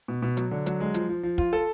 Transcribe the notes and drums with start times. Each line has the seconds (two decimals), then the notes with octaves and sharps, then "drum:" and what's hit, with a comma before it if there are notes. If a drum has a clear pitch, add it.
0.08 B2
0.22 B2
0.37 F#3, drum: hi-hat
0.51 D3
0.66 F#3, drum: hi-hat
0.80 G#3
0.94 F3, drum: hi-hat
1.09 F3
1.23 F3
1.38 F4, drum: kick
1.53 A4